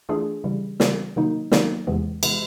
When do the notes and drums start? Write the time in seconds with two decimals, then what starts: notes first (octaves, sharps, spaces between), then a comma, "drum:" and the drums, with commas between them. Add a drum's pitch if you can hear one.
0.09 E3 A3 D4 F4 G#4
0.44 C#3 E3 G3
0.80 C#3 E3 G3, drum: snare
1.16 C3 D#3 F#3 A#3 D#4
1.52 C3 D#3 F#3 A#3 D#4, drum: snare
1.87 E2 C3 E3 G#3 B3
2.23 C3 E3 G#3 B3, drum: cymbal